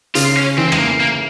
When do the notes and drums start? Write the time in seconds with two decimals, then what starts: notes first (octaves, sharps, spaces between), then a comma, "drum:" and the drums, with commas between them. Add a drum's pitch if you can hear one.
0.15 C#3 F4, drum: hi-hat
0.36 C#4
0.58 E3 C4
0.72 G#3, drum: rim click
0.78 A#3
1.00 A#3